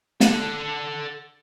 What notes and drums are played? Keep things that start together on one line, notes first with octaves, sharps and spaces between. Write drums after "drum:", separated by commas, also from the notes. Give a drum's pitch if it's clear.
A4 F#5, drum: snare